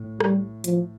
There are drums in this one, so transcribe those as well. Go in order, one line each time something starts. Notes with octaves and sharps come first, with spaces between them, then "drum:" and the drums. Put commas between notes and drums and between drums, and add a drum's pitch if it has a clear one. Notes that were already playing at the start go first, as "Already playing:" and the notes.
Already playing: A2
G3, drum: rim click
F3, drum: hi-hat